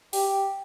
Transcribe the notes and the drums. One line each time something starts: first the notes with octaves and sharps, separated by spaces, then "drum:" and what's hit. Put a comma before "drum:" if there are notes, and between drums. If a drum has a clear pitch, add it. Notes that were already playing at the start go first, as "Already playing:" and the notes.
G4, drum: open hi-hat